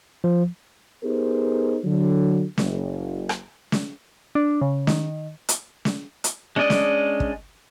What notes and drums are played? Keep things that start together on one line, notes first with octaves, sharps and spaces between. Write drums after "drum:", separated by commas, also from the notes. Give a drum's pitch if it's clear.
F3
B3 D#4 G4 G#4 A#4 C5
D3 F#3
F#1, drum: snare
drum: rim click
drum: snare
D4
C#3
D#3, drum: snare
drum: hi-hat
drum: snare
drum: hi-hat
G#3 C#4 D4 D5 D#5
drum: snare
drum: kick